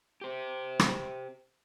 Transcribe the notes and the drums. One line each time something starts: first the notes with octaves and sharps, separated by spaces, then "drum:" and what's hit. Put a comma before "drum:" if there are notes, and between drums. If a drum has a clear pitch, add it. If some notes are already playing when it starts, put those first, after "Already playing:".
G4 C5
drum: rim click